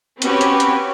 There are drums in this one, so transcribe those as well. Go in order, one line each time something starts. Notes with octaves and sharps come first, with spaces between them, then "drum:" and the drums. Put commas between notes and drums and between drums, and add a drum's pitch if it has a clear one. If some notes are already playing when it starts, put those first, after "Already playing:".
C4 C#4 F#4 G4 B4, drum: hi-hat
drum: hi-hat
drum: hi-hat